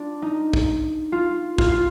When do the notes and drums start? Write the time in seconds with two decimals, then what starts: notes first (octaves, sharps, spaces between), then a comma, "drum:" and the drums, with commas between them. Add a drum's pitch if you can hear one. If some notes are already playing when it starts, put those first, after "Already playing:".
Already playing: D4 F4
0.22 D#4
0.53 drum: kick
1.12 F4
1.58 F4, drum: kick
1.72 F4